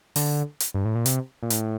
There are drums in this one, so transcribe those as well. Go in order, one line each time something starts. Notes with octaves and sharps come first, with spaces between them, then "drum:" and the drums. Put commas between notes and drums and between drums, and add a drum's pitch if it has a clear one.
D3, drum: open hi-hat
drum: hi-hat
G2
A2
A#2
C3, drum: hi-hat
A#2
A2, drum: hi-hat